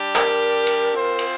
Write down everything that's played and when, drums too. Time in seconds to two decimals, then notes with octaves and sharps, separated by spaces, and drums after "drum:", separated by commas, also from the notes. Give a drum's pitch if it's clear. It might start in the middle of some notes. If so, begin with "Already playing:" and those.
Already playing: G3 D4 G4
0.15 A#4, drum: clap
0.67 drum: cymbal
0.93 C4 F4 C5
1.19 drum: cymbal